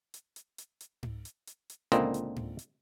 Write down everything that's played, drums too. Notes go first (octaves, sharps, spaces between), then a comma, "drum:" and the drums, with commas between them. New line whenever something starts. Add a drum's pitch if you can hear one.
drum: hi-hat
drum: hi-hat
drum: hi-hat
drum: hi-hat
drum: tom G#2
drum: hi-hat
drum: hi-hat
drum: hi-hat
C#2 A#2 D3 A#3 C4 D#5, drum: hi-hat
drum: hi-hat
drum: tom G#2
drum: hi-hat